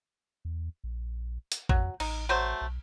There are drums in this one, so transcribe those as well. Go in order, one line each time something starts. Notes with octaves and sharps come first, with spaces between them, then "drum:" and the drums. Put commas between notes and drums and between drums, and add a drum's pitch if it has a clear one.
E2
A#1
drum: hi-hat
F2 F#3, drum: kick A1
A1 D#4, drum: cymbal
F#3 A3 C5
B1